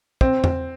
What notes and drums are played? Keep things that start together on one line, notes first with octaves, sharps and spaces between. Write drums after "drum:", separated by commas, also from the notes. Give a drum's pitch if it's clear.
C4, drum: kick
drum: tom E2